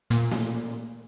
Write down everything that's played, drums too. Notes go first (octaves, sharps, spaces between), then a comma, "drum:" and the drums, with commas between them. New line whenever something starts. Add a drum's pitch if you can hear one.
A#2, drum: hi-hat
drum: snare A3